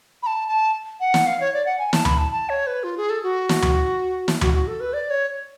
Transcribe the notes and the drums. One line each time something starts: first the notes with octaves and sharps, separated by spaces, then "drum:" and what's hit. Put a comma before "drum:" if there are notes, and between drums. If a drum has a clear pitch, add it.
B5
A5
A5
F#5
drum: snare
F5
C#5
D5
F#5
G#5
A5, drum: snare
B5, drum: tom D2
A5
A5
C#5
B4
F4
G#4
A4
F#4
drum: snare
drum: tom D2
drum: snare
F#4, drum: tom D2
F#4
A4
B4
D5
C#5